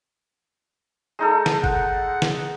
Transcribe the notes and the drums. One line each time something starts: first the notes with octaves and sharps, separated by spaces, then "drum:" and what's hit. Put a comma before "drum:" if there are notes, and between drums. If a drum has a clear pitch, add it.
G#3 D#4 A4
drum: snare
F#5, drum: kick G1
drum: snare